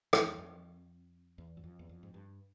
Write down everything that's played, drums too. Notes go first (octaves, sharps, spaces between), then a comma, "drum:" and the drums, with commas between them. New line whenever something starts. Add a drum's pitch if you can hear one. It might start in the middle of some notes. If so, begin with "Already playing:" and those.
E2, drum: rim click
F2
E2
F#2
F2
E2
F2
G#2
G2